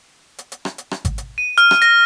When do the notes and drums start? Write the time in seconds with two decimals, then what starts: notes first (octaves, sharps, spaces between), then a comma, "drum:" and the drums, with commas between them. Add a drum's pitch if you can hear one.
0.38 drum: hi-hat
0.52 drum: hi-hat
0.65 drum: rim click
0.78 drum: hi-hat
0.91 drum: rim click
1.05 drum: kick G#1, hi-hat
1.18 drum: hi-hat
1.38 D#7
1.58 F6, drum: hi-hat
1.71 drum: rim click
1.82 A#6, drum: hi-hat